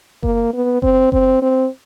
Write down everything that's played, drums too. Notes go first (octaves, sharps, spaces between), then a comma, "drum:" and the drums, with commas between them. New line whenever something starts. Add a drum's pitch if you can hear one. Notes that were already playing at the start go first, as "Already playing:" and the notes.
A#3, drum: kick F#1
B3
C4, drum: kick F#1
C4, drum: kick F#1
C4